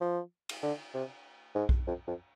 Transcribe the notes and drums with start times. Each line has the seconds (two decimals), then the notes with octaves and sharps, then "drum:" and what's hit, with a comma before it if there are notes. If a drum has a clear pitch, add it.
0.01 F3
0.49 drum: cymbal
0.63 D3
0.94 C3
1.55 G#2
1.69 drum: kick B1
1.87 F2
2.07 F2